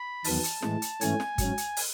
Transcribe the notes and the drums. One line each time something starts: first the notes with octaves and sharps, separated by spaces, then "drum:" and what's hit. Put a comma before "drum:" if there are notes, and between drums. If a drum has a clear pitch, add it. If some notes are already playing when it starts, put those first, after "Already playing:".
Already playing: B5
E2 D#3 F#3 B3 A5, drum: open hi-hat
drum: hi-hat
A2 E3 G#3, drum: snare
drum: hi-hat
G#2 E3 A3 C#4 G#5, drum: hi-hat
drum: snare
G#2 F#3 C#4, drum: kick G1, hi-hat
drum: hi-hat
drum: open hi-hat